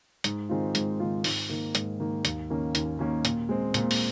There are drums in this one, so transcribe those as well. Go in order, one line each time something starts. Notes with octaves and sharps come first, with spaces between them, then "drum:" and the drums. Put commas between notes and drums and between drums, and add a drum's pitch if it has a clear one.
G#2, drum: hi-hat
D#3 G#3 C4 F4
G#2, drum: hi-hat
D#3 G#3 C4 F4
G#2, drum: open hi-hat
D#3 A#3
G#2, drum: hi-hat
D#3 A#3
D#2, drum: hi-hat
D#3 A#3 C#4
D#2, drum: hi-hat
D#3 A#3 C#4
A#2, drum: hi-hat
G#3 C4
A#2, drum: hi-hat
drum: open hi-hat